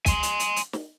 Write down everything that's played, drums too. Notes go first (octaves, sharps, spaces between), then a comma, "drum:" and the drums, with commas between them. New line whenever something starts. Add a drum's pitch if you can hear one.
G#5 C6, drum: kick, hi-hat
drum: hi-hat
drum: hi-hat
drum: hi-hat
drum: snare